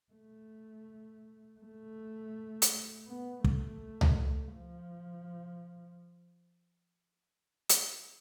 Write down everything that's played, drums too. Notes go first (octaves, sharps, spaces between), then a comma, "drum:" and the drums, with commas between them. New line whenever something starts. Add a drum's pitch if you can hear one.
A3
A3
drum: hi-hat
B3
A3, drum: kick
drum: tom C#2
F3
drum: hi-hat